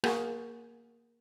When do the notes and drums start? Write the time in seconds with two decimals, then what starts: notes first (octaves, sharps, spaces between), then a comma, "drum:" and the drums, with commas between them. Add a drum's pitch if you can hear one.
0.04 A#3 F#4 G#4, drum: rim click